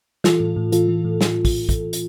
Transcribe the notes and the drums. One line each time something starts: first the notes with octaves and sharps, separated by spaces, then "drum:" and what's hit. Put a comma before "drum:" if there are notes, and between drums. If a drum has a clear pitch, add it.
E3 F4 A4, drum: snare
A2
A2
E3 F4 A4, drum: hi-hat
E3
A2
drum: snare
drum: kick, open hi-hat
drum: kick, hi-hat
drum: hi-hat